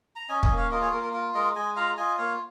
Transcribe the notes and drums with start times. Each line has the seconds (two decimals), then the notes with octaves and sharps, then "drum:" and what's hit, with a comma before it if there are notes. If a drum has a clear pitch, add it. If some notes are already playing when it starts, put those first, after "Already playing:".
0.16 A#5
0.29 C#4 D#5 G#5
0.43 D#5 G#5, drum: kick
0.50 A#3
0.57 C#5 F5
0.71 F4 A#4 D#5
0.81 G#4 C#5
0.92 A#3 A#4
1.02 A#4
1.13 F4 A#4
1.34 G#3 A#4 D#5
1.55 G#3 D#5 G#5
1.76 F4 F5 A#5
1.97 F4 D#5 G#5
2.18 A#3 C#5 F5